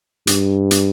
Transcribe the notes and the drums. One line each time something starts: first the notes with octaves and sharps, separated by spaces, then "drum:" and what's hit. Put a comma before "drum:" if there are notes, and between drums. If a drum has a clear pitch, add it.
G2, drum: hi-hat
drum: hi-hat